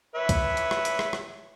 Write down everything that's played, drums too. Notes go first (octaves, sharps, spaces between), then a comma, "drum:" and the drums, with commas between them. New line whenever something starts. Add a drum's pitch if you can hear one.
B4 C#5 E5
drum: kick C2, hi-hat
drum: hi-hat
drum: rim click
drum: hi-hat
drum: rim click
drum: rim click